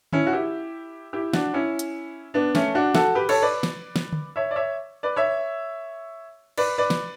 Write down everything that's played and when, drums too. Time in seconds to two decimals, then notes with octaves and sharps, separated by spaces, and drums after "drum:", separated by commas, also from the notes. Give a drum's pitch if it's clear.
0.13 C#4 E4, drum: tom D3
0.27 F#4
0.33 E4 G4
1.13 E4 G4
1.33 D4 F#4, drum: snare
1.54 C#4 E4
1.79 drum: hi-hat
2.34 B3 D4
2.55 A3 C#4, drum: snare
2.75 D4 F#4
2.95 F#4 A4, drum: snare
3.15 G4 B4
3.29 A4 C#5, drum: cymbal
3.42 B4 D5
3.63 drum: snare
3.96 drum: snare
4.12 drum: tom D3
4.36 C#5 E5
4.51 D5
4.56 C#5 E5
5.03 B4 D5
5.16 C#5 E5
6.58 B4 D5, drum: cymbal
6.78 B4 D5
6.90 drum: snare